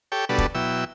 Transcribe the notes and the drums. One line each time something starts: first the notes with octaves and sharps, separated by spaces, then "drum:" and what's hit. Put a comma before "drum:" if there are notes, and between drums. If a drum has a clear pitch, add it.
G4 A4 C#5 G5
B2 G3 D4 F#4 A4 B4
drum: kick E1
B2 F#3 E4 G5 E6